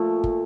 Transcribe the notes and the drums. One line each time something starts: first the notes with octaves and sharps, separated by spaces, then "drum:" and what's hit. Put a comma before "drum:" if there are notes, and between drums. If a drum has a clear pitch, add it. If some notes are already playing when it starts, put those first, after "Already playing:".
Already playing: A#2 F3 A3
drum: kick